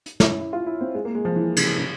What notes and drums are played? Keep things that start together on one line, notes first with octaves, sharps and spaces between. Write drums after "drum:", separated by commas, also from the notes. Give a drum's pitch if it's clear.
drum: hi-hat
C#4, drum: snare
E4
E4
F4
E4
C4
G#3
A#3
G#3
F3
E3
C#3, drum: cymbal
C#3